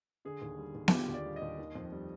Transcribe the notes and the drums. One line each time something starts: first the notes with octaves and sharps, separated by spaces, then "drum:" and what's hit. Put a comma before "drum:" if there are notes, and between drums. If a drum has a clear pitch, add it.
D3 G#4
D#2
G3
D#2
G4, drum: snare B3
D3 F4
D#2
D5
G3
D#5
D#2
D#3
F2
G3